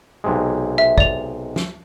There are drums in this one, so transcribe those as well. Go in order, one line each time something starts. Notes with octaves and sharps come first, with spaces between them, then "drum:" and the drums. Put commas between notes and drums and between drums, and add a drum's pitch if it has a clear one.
B1 C3 G#3
E5
D5 F7, drum: kick
drum: snare